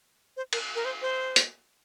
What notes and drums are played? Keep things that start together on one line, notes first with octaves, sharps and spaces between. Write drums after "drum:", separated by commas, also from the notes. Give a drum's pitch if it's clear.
C5
A#4, drum: cymbal
A#4
C5
C5
drum: hi-hat